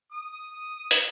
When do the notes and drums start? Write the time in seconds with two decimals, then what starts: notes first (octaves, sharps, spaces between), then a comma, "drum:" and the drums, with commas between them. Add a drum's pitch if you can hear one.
0.12 D#6
0.91 drum: hi-hat